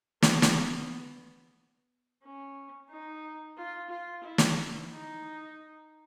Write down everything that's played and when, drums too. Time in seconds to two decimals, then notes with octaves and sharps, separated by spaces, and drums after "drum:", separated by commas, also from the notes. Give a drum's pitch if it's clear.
0.22 B3, drum: snare
0.42 drum: snare
2.24 C#4
2.90 D#4
3.57 F4
3.90 F4
4.24 E4
4.38 drum: snare
4.91 D#4